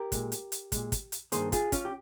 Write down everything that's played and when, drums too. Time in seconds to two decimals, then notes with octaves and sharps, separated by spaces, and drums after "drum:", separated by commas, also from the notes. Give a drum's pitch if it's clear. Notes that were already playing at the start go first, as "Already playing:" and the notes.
Already playing: G4 A#4
0.12 A#2 G#3, drum: kick, hi-hat
0.32 drum: hi-hat
0.52 drum: hi-hat
0.72 A#2 G#3, drum: kick, hi-hat
0.92 drum: kick, hi-hat
1.12 drum: hi-hat
1.32 G2 D#3 A#3 G#4 C5, drum: hi-hat
1.52 F4 G#4, drum: kick, hi-hat
1.72 C#4 F4, drum: kick, hi-hat
1.85 G4